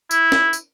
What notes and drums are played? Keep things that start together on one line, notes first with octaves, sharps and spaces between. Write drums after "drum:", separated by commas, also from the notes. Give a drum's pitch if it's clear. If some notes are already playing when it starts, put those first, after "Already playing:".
E4, drum: tambourine
drum: snare
drum: tambourine